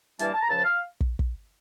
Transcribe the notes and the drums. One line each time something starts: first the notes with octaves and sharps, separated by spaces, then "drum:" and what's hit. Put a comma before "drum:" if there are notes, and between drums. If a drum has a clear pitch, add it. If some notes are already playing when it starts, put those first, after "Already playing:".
G2 E3 G3 A#3 A5, drum: hi-hat
A5
A#5
C#2 C#3 F3 A5
F5
drum: kick
drum: kick